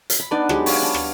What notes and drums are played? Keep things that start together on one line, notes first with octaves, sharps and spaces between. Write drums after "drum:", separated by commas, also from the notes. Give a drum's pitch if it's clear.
drum: hi-hat
B5
B3 D4 D#4 D5 D#5
F#3 G#3 G4, drum: rim click
C#5 F5 B5, drum: open hi-hat
D4
drum: rim click